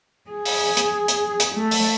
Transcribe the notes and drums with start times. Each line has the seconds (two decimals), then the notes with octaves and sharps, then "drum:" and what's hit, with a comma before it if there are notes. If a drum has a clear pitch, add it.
0.30 G#4
0.45 drum: open hi-hat
0.77 drum: hi-hat
1.08 drum: hi-hat
1.40 drum: hi-hat
1.55 A3
1.71 drum: open hi-hat